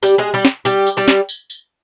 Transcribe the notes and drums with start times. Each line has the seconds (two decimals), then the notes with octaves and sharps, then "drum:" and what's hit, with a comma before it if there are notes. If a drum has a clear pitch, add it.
0.03 G3 G4, drum: tambourine
0.18 G#3 G#4
0.34 G3 G4
0.45 drum: snare
0.65 G3 G4, drum: tambourine
0.87 drum: tambourine
0.97 G3 G4
1.08 drum: snare
1.29 drum: tambourine
1.50 drum: tambourine